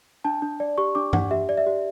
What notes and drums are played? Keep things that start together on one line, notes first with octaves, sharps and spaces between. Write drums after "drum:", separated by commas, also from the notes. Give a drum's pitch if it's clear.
D4 A5
D4
D5
G4 C#6
D4 D6
D4 F#5, drum: tom G2
G4 E5
D5
E5
G4